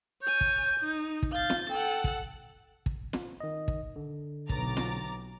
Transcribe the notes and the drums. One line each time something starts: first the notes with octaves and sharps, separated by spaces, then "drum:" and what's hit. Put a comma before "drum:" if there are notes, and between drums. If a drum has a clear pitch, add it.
C#5 G#5 G6
drum: kick
D#4
drum: kick
F5 G6 A6
drum: snare
A4 F#5 G5
drum: kick
drum: kick
drum: snare
D#3 D#5
drum: kick
D3
B1 B2 A#5 D6 A6, drum: kick
drum: snare